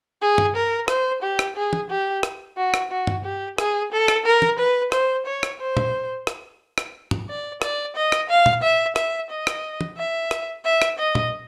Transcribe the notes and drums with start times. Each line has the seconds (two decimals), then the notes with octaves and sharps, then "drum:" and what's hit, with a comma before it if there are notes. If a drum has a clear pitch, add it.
0.21 G#4
0.38 drum: tom G2
0.55 A#4
0.88 C5, drum: rim click
1.22 G4
1.39 drum: rim click
1.56 G#4
1.73 drum: tom
1.90 G4
2.23 drum: rim click
2.57 F#4
2.74 drum: rim click
2.91 F#4
3.07 drum: tom G2
3.24 G4
3.58 G#4, drum: rim click
3.92 A4
4.08 drum: rim click
4.25 A#4
4.42 drum: tom
4.58 B4
4.92 C5, drum: rim click
5.26 C#5
5.43 drum: rim click
5.59 C5
5.77 drum: tom A#2
6.27 drum: rim click
6.78 drum: rim click
7.11 drum: tom
7.29 D5
7.62 D5, drum: rim click
7.96 D#5
8.12 drum: rim click
8.29 F5
8.46 drum: tom A#2
8.62 E5
8.96 E5, drum: rim click
9.30 D#5
9.47 drum: rim click
9.81 drum: tom
9.97 E5
10.31 drum: rim click
10.64 E5
10.82 drum: rim click
10.98 D#5
11.15 drum: tom A#2